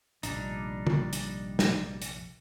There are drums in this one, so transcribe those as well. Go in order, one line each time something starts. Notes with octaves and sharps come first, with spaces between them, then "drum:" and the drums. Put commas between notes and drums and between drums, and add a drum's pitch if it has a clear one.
F1 A#1 G3 D4 D#4, drum: hi-hat
drum: tom
drum: hi-hat
drum: snare
drum: hi-hat